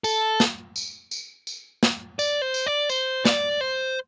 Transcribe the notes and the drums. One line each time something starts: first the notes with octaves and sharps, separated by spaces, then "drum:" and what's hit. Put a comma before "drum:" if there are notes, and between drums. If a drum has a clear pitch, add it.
A4, drum: tambourine
drum: snare
drum: tambourine
drum: tambourine
drum: tambourine
drum: snare
D5, drum: tambourine
C5
drum: tambourine
D5
C5, drum: tambourine
D5, drum: snare
C5